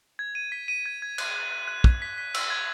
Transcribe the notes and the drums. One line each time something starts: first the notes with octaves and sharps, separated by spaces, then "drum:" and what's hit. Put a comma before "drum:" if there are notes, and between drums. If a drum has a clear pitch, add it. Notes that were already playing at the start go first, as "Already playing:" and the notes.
G#6
D#7
B6
D#7
G#6
G#6
F#6, drum: cymbal
F#6
F#6
F#6
F#6, drum: kick
B6
B6
E6, drum: cymbal
G#6